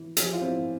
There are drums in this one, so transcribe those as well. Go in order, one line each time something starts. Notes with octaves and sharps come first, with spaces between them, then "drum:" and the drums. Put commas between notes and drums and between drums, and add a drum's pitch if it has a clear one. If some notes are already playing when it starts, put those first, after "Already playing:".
Already playing: E3
F3 G#4, drum: hi-hat
G4
F4
F3 C4 E4